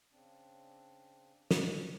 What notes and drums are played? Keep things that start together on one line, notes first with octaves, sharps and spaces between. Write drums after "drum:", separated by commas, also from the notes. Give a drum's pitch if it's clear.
C#3 C4 D4
drum: snare